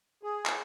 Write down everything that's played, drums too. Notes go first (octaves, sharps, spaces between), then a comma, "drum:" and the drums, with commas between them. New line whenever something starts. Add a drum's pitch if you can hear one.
G#4
drum: clap